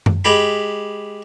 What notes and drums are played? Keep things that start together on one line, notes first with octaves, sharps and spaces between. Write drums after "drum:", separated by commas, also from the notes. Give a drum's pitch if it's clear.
drum: tom F#2
G#3 G4 B5